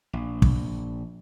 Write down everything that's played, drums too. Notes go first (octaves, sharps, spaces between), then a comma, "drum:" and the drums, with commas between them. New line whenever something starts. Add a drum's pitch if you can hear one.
A#1
drum: kick